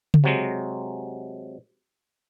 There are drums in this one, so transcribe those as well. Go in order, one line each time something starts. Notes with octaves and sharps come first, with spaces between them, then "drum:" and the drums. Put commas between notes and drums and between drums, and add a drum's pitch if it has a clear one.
drum: tom C#3
C3 F#3 G#3